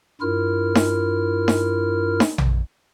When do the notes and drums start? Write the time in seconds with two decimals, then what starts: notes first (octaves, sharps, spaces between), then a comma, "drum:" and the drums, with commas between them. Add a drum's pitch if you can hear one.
0.21 G2 E4 F4 A#4 F6
0.75 drum: snare D#4
1.48 drum: snare D#4
2.20 drum: snare D#4
2.38 drum: tom A#1